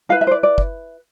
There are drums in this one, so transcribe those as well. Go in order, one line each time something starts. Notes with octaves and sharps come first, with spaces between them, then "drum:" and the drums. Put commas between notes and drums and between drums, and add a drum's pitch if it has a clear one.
E4 B4 F5
E5
C5
D5
D5
drum: kick